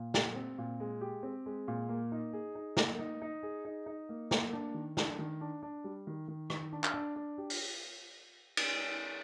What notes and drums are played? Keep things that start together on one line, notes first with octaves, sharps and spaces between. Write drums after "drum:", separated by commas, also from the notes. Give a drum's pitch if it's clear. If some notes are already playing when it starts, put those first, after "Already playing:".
Already playing: A#2
G4, drum: snare
C4
A#2
G#3
G4
C4
G#3
A#2
A#3
D#4
G#4
D#4
A#3, drum: snare
D#4
D#4
G#4
D#4
D#4
A#3
A#3, drum: snare
D4
D#3
D4, drum: snare
D#3
D4
D4
G3
D#3
D#3
D#3, drum: rim click
D4
drum: clap
D4
D4
G4
drum: open hi-hat
drum: cymbal